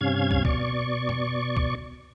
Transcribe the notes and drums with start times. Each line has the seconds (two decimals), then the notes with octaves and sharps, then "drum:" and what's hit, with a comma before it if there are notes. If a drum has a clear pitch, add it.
0.01 G2 C3 C#4 F5 G#6
0.31 drum: kick
0.45 B2 D5 C#6, drum: kick
1.09 drum: tom F2
1.57 drum: kick